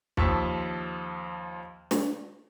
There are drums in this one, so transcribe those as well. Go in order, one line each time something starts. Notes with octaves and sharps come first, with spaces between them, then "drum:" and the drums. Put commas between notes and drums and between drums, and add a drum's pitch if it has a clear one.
D#2 F3 A5 C#6 E6 B6, drum: kick
drum: snare